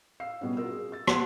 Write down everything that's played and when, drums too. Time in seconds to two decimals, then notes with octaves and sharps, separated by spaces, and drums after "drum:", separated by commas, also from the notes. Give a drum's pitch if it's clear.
0.20 F5 E6 C7
0.41 B2 G3 B3 C#4
0.57 F4 F#4 A#4 E6
0.70 G#4
0.92 E6 A6
1.07 F#5 A5 F#6, drum: rim click